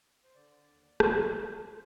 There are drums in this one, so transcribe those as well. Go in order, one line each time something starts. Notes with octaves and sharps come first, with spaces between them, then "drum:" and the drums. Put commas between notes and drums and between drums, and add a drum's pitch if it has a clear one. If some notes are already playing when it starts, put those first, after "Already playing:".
C5
D3 D5
D#2
D3, drum: rim click
D#2
C5